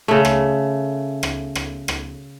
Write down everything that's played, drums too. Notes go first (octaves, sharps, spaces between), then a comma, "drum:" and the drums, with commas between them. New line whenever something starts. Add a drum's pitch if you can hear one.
C#3 A3
drum: rim click
drum: rim click
drum: rim click
drum: rim click